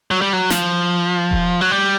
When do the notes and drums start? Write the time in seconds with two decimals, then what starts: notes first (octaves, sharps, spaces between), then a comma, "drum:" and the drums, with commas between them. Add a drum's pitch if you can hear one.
0.11 F#3
0.21 G3
0.33 F#3
0.50 F3, drum: snare
1.31 drum: kick E1
1.61 F#3
1.71 G3